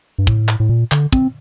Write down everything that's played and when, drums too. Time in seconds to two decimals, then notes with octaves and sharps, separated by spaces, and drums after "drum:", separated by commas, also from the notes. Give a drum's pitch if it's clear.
0.18 G2
0.27 A2, drum: kick
0.48 drum: clap
0.60 A2
0.69 A#2
0.92 D3, drum: clap
1.13 C4, drum: kick